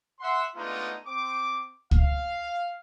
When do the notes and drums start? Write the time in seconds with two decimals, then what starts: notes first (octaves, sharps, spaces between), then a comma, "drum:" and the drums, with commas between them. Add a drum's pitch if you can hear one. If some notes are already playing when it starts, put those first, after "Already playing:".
0.20 E5 F#5 C6
0.55 G#3 A3 B3 D4 D#4 F4
1.06 C4 D6
1.91 F5, drum: kick C#2